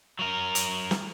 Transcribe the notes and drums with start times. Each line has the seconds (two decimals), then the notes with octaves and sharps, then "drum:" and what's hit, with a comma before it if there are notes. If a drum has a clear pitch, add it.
0.19 F#3 A#4
0.55 drum: hi-hat
0.91 drum: snare